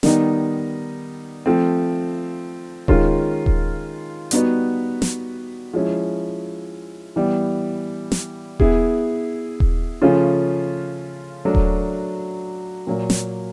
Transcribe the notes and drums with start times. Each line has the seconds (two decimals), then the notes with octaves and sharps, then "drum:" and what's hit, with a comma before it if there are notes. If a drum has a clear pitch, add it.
0.03 D#3 G3 B3 D#4, drum: snare
1.46 F3 A3 C4
2.88 D#3 G#3 C#4 F4, drum: kick D#1
3.46 drum: kick D#1
4.31 G3 B3 D#4 F#4 B4, drum: hi-hat
5.02 drum: snare
5.74 F3 G#3 C#4 E4
7.16 E3 G3 B3
8.12 drum: snare
8.60 B3 E4 G#4, drum: kick D#1
9.60 drum: kick D#1
10.02 C#3 F3 A3 C#4 F4
11.45 F#3 A3 D4 F#4 A#4
11.55 drum: kick D#1
12.87 A#2 F#3 A#3
13.10 drum: snare